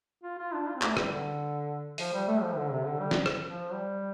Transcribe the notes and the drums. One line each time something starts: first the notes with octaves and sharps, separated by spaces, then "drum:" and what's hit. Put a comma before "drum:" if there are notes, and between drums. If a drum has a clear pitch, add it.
F4
F4
D4
F4
C4
A3, drum: clap
G3, drum: rim click
D3
F3, drum: open hi-hat
G3
A3
F3
D3
C3
D3
G3
drum: snare
drum: rim click
F3
G3